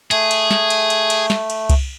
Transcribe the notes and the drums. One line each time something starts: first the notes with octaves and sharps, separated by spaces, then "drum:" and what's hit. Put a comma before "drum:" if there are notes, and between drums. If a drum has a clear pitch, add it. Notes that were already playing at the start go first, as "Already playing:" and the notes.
A3 G#4, drum: cymbal
drum: cymbal
drum: snare
drum: cymbal
drum: cymbal
drum: cymbal
drum: snare
drum: cymbal
drum: kick C2, cymbal